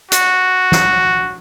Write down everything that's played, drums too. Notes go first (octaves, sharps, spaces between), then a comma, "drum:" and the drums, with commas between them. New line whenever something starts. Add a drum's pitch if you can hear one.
F#4, drum: hi-hat
drum: snare